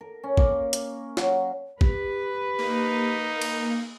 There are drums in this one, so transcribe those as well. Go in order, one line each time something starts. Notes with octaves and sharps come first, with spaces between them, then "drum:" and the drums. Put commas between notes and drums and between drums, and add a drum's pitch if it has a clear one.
A#4
C#4
A#3, drum: kick
drum: hi-hat
F#3, drum: snare
G4 B4, drum: kick
A#3 D#4
drum: cymbal